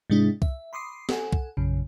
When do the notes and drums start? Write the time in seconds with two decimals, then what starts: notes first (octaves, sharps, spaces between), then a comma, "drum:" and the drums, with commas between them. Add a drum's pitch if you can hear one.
0.10 G#2 C3 G#3 D4 E4
0.42 E5, drum: kick C2
0.73 B5 C6 D6 D#6 C7
1.09 A4 F#5 G#5, drum: snare
1.32 drum: kick C2
1.57 A#1 F#2 C#3